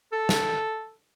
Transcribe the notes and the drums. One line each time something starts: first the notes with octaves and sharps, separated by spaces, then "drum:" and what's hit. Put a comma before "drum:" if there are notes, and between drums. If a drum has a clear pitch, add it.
A4
drum: snare